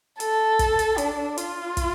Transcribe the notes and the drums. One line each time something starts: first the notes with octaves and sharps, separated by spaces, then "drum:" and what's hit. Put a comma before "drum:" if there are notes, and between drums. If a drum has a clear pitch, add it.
A4, drum: hi-hat
drum: kick, hi-hat
drum: hi-hat
D4, drum: hi-hat
F4, drum: hi-hat
drum: kick, hi-hat